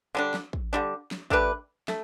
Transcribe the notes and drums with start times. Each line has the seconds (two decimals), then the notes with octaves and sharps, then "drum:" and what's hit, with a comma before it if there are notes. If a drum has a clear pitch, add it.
0.15 D3 G3 D4
0.34 drum: snare
0.53 drum: kick
0.73 D3 G3 D4
1.11 drum: snare
1.30 A3 D4 G4 B4, drum: kick
1.88 A3, drum: snare